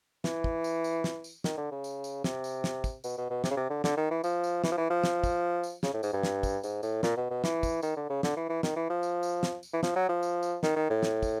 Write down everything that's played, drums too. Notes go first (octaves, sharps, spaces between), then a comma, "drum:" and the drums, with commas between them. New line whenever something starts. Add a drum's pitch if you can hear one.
E3, drum: snare
drum: kick
drum: tambourine
drum: tambourine
drum: snare
drum: tambourine
D#3, drum: snare
D3
C#3
drum: tambourine
drum: tambourine
C3, drum: snare
drum: tambourine
drum: snare
drum: kick, tambourine
B2, drum: tambourine
B2
B2
C3, drum: snare
C#3
C3
D3
D3, drum: snare
D#3
E3
F3, drum: tambourine
drum: tambourine
E3, drum: snare
F3
E3
F3
drum: snare
drum: kick, tambourine
drum: tambourine
C#3, drum: snare
A2
G#2, drum: tambourine
G2
drum: snare
drum: kick, tambourine
G#2, drum: tambourine
A2, drum: tambourine
A#2, drum: snare
B2
B2
E3, drum: snare
drum: kick, tambourine
D#3, drum: tambourine
D3
C#3
D3, drum: snare
E3
E3
D#3, drum: snare
E3
F3
drum: tambourine
drum: tambourine
drum: snare
drum: tambourine
E3
F3, drum: snare
F#3
F3
drum: tambourine
drum: tambourine
D#3, drum: snare
D#3
A2
drum: snare
drum: kick, tambourine